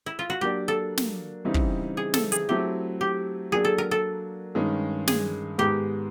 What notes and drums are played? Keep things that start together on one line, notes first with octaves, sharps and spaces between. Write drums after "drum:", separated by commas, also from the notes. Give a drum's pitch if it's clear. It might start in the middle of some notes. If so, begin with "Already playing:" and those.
E4
F4
F#4
F#3 A#3 D4 G4
A4
drum: snare
C#3 E3 G3 C4 D#4
drum: kick
G#4
A4, drum: snare
G#4, drum: hi-hat
F#3 A3 C4 E4 G4
G4
F#3 A#3 D4 G#4
A4
A#4
A4
G2 D#3 G#3 C#4
G#4, drum: snare
G#2 D#3 G#3 B3 G4